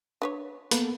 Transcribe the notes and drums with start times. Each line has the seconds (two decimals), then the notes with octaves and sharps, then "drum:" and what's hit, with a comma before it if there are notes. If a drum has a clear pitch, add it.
0.22 D4 B4 C#5
0.71 A#3 B3 A4 B4, drum: hi-hat